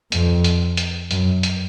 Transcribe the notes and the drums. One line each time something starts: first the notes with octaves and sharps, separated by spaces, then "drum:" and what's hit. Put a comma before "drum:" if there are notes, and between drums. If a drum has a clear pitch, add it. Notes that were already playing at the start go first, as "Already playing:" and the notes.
F2, drum: hi-hat
drum: hi-hat
drum: hi-hat
F#2, drum: hi-hat
drum: hi-hat